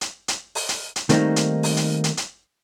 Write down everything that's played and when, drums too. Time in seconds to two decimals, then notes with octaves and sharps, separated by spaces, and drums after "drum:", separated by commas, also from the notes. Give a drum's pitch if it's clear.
0.01 drum: hi-hat
0.28 drum: hi-hat
0.55 drum: open hi-hat
0.69 drum: hi-hat
0.96 drum: hi-hat
1.09 D#3 G3 A3 A#3 C4 D#4, drum: hi-hat
1.36 drum: hi-hat
1.63 drum: open hi-hat
1.77 drum: hi-hat
2.04 drum: hi-hat
2.17 drum: hi-hat